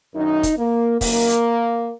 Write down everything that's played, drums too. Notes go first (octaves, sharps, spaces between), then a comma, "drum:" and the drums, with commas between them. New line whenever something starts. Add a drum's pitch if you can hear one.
F#2 D#3 D#4
drum: kick, hi-hat
A#3
F#2 D#3 A#3, drum: kick, open hi-hat
drum: hi-hat